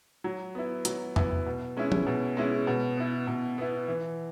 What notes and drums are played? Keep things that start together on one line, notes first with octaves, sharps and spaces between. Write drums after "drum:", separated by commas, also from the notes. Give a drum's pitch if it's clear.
F#3
B3 E4
F#3, drum: hi-hat
B3 E4, drum: tom E2
B2
G#3 C#4 E4
drum: tom F3
B2
G#3 C#4 E4
B2
B3 E4
B2
B3 E4
E3